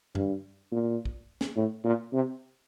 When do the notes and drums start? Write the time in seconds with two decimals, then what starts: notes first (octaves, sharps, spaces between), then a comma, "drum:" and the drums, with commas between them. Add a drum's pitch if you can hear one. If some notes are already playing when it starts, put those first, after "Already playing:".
0.15 G2, drum: tom F#2
0.72 A#2
1.05 drum: kick
1.41 drum: snare
1.56 A2
1.84 A#2
2.13 C3